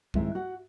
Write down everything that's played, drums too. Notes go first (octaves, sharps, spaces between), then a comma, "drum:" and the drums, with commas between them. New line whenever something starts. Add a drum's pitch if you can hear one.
G#2 D#3 G#3 C4 E4 E5, drum: kick C2
F#4 F#5